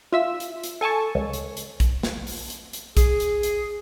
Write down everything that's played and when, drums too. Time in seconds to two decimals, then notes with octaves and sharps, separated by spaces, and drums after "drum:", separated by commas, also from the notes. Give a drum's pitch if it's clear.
0.12 F4 E5 E6
0.40 drum: hi-hat
0.63 drum: hi-hat
0.81 A4 G#5 A5 C#6
1.15 C#2
1.33 drum: hi-hat
1.57 drum: hi-hat
1.80 drum: kick, hi-hat
2.03 drum: snare
2.27 drum: open hi-hat
2.50 drum: hi-hat
2.73 drum: hi-hat
2.97 G#4, drum: kick, hi-hat
3.20 drum: hi-hat
3.43 drum: hi-hat